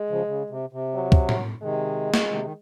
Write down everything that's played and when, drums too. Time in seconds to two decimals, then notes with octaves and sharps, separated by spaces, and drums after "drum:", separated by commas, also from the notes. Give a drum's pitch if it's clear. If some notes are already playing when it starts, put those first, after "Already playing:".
Already playing: G#3
0.10 C#3 F3
0.27 C#3
0.50 C3
0.73 C3
0.94 F#3
1.12 drum: kick
1.29 drum: tom A2
1.63 C3 D#3 G#3
2.14 drum: snare
2.30 C3 D#3
2.44 D#3